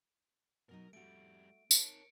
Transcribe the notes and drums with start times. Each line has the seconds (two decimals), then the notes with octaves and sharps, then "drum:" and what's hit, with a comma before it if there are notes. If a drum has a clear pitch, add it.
0.69 B2 F#3 D#4 A#4 A#5
0.93 F2 G3 A3 F#4 D7
1.71 D#4 A#4 C#5 A5 C#7 D7, drum: tambourine